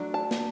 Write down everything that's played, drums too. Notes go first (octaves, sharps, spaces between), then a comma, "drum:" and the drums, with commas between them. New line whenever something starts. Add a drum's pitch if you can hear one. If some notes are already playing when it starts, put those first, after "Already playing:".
Already playing: F#3 A3 D4
A5
drum: snare